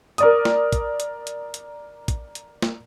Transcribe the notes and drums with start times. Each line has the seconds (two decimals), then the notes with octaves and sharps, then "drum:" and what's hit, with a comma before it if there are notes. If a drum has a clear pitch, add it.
0.18 A#4 D5 D#6, drum: hi-hat
0.45 drum: snare
0.73 drum: kick, hi-hat
1.00 drum: hi-hat
1.27 drum: hi-hat
1.54 drum: hi-hat
2.08 drum: kick, hi-hat
2.35 drum: hi-hat
2.62 drum: snare